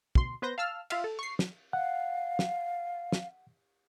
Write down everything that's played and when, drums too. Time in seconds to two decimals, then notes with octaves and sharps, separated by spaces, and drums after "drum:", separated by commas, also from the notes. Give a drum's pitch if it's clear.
0.15 D2 B2 C6, drum: kick
0.42 B3 B4 C5 G6 A#6
0.58 F5 A5 E6 F6
0.90 F4 E5 F5, drum: cymbal
1.04 A4
1.19 C#6 C7
1.39 drum: snare
1.73 F5 F#5
2.39 drum: snare
3.12 drum: snare